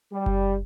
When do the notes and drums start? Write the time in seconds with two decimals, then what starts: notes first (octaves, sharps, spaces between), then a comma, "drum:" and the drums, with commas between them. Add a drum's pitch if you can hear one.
0.12 G3
0.26 drum: kick F#1